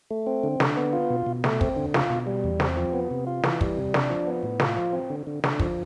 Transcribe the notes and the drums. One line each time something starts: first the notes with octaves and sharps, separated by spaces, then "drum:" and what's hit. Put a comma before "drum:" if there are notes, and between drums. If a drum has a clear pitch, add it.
A3
C4
D3
D3, drum: snare
B3
F4
B2
B2
A3, drum: snare
C4, drum: kick
D3
F4, drum: snare
B2
G3
E2
C4, drum: snare
F3
B3
C3
F4
E3, drum: snare
G3, drum: kick
C3
D4, drum: snare
F3
B3
A2
F4, drum: snare
F3
C4
D3
D3
D3, drum: snare
F3, drum: kick